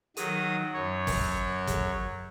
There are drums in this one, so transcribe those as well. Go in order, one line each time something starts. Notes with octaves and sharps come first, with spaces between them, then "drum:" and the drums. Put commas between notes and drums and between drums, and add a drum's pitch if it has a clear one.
D#3 F#3 D#6, drum: hi-hat
F#2 C#5
drum: kick, open hi-hat
drum: kick, hi-hat